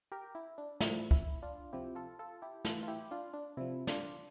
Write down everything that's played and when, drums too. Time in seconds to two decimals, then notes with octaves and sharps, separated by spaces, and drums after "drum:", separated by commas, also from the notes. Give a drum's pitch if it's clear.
0.12 G4 A#4
0.35 E4
0.58 D4
0.80 A2 F3 E4, drum: snare
1.11 E4, drum: kick C#2
1.43 D4 F4
1.73 C3 F3 E4 G4
1.95 F4 A4
2.19 F4 A4
2.42 E4 G4
2.65 A2 E3 F4 A4, drum: snare
2.83 F4
2.88 E4 G4
3.11 D4 F4
3.33 D4
3.57 C3 F3 E4
3.87 D4 F4, drum: snare